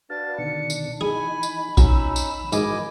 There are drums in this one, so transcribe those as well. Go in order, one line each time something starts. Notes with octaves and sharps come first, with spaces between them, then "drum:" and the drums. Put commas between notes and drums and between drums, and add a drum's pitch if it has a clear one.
D4 F#4 B4 F5 A6
B2 D3 D#3 C#7
drum: tambourine
E3 D#4 G#4 G#5 B5
drum: tambourine
F#3 C#4 D#4 E6, drum: kick A#1, tambourine
drum: tambourine
G#2 E3 F#4 A#4 D#5 G#5 D6, drum: tambourine